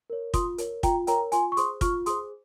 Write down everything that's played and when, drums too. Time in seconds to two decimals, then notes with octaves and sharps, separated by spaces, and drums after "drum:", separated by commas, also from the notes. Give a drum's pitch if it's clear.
0.10 A#4 C#5
0.34 F4 C6 D#6, drum: kick, hi-hat
0.58 A#4 C#5, drum: hi-hat
0.83 F4 G5 A#5, drum: kick, hi-hat
1.07 A#4 C#5 G5 A#5, drum: hi-hat
1.32 F4 G#5 C6, drum: hi-hat
1.52 C#6
1.57 G#4 C5 C6 D#6, drum: hi-hat
1.81 F4 C#6 F6, drum: kick, hi-hat
2.06 G#4 C5 C6 D#6, drum: hi-hat